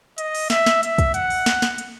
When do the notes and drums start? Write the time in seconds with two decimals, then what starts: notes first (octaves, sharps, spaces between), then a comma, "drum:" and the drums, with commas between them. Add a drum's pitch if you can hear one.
0.18 D#5, drum: hi-hat
0.35 drum: open hi-hat
0.50 E5, drum: snare
0.66 drum: snare
0.83 E5, drum: hi-hat
0.98 drum: kick, hi-hat
1.14 F#5, drum: hi-hat
1.30 drum: open hi-hat
1.46 drum: snare
1.62 drum: snare
1.78 drum: hi-hat